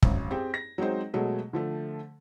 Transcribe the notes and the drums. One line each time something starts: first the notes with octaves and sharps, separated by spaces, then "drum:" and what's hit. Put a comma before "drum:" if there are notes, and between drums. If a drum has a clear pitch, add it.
G#1 F#2, drum: kick
C4 G4 G#4
A#6
F#3 G#3 C4 D#4 C5
B2 F#3 G#3 A3
D3 F3 A3